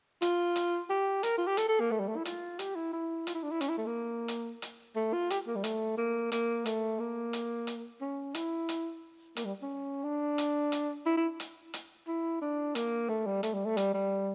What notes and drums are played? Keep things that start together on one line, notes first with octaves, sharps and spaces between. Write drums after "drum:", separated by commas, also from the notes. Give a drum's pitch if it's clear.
F4, drum: hi-hat
drum: hi-hat
G4
A#4, drum: hi-hat
F4
G4
A4, drum: hi-hat
A4
A#3
A3
G3
A3
E4
F4, drum: hi-hat
G4, drum: hi-hat
E4
E4
F4, drum: hi-hat
E4
D4
E4
C#4, drum: hi-hat
E4
A3
A#3
drum: hi-hat
drum: hi-hat
A3
F4
G4, drum: hi-hat
A#3
G3
A3, drum: hi-hat
A#3
A#3, drum: hi-hat
A3, drum: hi-hat
A#3
drum: hi-hat
drum: hi-hat
C#4
E4, drum: hi-hat
drum: hi-hat
A#3, drum: hi-hat
G3
C#4
D4
drum: hi-hat
drum: hi-hat
E4
E4
drum: hi-hat
drum: hi-hat
E4
D4
A#3, drum: hi-hat
A3
G3
A3, drum: hi-hat
G3
A3
G3, drum: hi-hat
G3